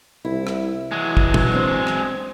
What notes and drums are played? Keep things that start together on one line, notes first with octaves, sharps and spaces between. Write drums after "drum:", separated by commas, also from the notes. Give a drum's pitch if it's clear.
C2 E4
drum: rim click
E3 F#3 G#3
drum: kick
drum: tom A#2
C4 D4
drum: rim click